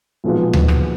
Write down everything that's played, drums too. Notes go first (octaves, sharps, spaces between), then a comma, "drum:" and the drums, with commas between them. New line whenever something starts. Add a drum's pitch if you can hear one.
B1 A#2 F3 G#3 B3
drum: tom D2
drum: rim click